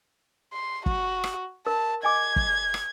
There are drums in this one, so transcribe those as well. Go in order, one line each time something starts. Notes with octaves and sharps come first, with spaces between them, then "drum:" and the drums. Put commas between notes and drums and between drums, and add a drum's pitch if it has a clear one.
C6
F#4, drum: kick
drum: rim click
A#4 A5
D#5 G#5 D6 G#6
drum: kick
drum: rim click